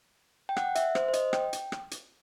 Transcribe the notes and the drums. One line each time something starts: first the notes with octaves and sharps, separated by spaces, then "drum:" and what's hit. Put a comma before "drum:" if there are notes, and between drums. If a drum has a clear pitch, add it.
G5
F#5, drum: rim click
E5, drum: hi-hat
C5, drum: rim click
C5
D#5, drum: hi-hat
G5, drum: rim click
drum: hi-hat
drum: rim click
drum: hi-hat